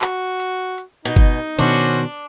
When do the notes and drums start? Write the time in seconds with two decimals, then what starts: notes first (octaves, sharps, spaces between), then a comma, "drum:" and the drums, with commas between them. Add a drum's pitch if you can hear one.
0.02 F#4, drum: clap
0.40 drum: hi-hat
0.78 drum: hi-hat
1.05 B2 D#4
1.16 drum: kick G1
1.59 B2 D#3 C#4 D4 F#4 C5
1.93 drum: hi-hat